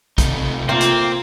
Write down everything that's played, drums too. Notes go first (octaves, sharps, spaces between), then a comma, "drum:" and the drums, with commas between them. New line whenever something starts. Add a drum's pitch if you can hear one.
C3 A3 D#4, drum: kick, hi-hat
A#3 C4 F4
drum: hi-hat